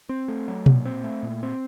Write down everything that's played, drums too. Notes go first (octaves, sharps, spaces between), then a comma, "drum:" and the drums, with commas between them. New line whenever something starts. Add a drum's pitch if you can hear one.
C4
A3
F#3
A#2, drum: tom B2
C4
A3
A#2
C4